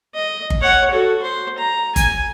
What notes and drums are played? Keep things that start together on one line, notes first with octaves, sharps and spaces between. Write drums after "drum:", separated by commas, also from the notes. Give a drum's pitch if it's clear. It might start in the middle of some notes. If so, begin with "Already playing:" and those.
D#5
drum: kick G1
C#5 F#5
F#4 A4
C5
A#5
G#5, drum: kick G1, hi-hat